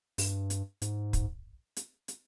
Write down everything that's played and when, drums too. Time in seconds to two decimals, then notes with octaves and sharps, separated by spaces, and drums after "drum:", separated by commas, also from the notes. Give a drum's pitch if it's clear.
0.18 G2, drum: open hi-hat
0.50 drum: hi-hat
0.82 G#2, drum: hi-hat
1.13 drum: kick, hi-hat
1.77 drum: hi-hat
2.08 drum: hi-hat